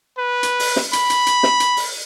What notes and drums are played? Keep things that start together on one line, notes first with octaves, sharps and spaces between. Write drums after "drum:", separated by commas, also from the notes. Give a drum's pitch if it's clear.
B4
drum: hi-hat
drum: open hi-hat
drum: snare
B5, drum: hi-hat
drum: hi-hat
drum: hi-hat
drum: snare
drum: hi-hat
drum: open hi-hat